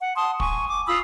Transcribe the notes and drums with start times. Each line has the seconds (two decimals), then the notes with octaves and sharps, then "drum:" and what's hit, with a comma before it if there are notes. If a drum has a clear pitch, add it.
0.01 F#5
0.16 A5 C6 D#6
0.40 G#5 C#6, drum: kick
0.68 D6
0.86 F4 B5 D#6 E6